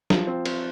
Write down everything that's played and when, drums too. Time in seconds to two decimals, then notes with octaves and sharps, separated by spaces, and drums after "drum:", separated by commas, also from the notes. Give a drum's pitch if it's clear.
0.10 F3, drum: snare
0.27 C4
0.46 C4, drum: cymbal